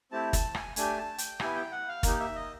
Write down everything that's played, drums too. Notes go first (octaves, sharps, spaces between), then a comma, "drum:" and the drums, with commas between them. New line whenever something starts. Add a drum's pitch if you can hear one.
A3 C4 E4 G4 A5
A5, drum: kick, hi-hat
G#5, drum: rim click
A3 D4 G4 G#5, drum: hi-hat
A5
G5, drum: hi-hat
B3 E4 G4 G#5, drum: rim click
G5
F#5
F5
A#3 D#4 G4, drum: kick, hi-hat
E5
D#5